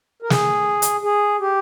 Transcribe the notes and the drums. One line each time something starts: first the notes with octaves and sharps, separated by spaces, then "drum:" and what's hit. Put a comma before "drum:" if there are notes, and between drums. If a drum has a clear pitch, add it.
A#4
G#4, drum: snare
drum: hi-hat
G#4
G4